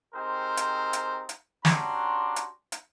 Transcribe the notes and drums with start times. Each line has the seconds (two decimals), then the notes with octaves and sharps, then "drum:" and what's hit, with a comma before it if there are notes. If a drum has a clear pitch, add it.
0.14 C4 D#4 G4 G#4 A#4 C5
0.57 drum: hi-hat
0.93 drum: hi-hat
1.29 drum: hi-hat
1.65 C#4 D4 F#4 G4 A#5 C6, drum: snare
2.36 drum: hi-hat
2.72 drum: hi-hat